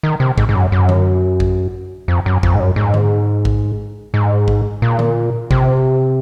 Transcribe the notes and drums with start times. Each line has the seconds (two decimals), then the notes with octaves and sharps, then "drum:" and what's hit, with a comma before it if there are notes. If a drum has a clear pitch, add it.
0.03 D#3
0.20 C3
0.38 G#2, drum: kick A1
0.49 G#2
0.55 F#2
0.72 F#2
0.89 drum: tom D3
1.40 drum: kick A1
2.08 F2
2.26 F#2
2.43 F2, drum: kick A1
2.55 G#2
2.60 F#2
2.76 G#2
2.94 drum: tom D3
3.45 drum: kick A1
4.14 G#2
4.48 drum: kick A1
4.82 A#2
4.99 drum: tom D3
5.51 C3, drum: kick A1